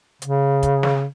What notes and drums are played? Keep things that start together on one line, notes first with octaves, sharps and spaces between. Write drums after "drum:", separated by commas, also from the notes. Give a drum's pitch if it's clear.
C#3, drum: hi-hat
drum: kick, hi-hat
drum: snare